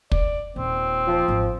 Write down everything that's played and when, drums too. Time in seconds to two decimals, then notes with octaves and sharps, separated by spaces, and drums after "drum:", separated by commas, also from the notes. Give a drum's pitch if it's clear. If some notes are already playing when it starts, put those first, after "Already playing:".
0.12 D5, drum: kick
0.56 D#1 C4
1.07 F3
1.28 G#1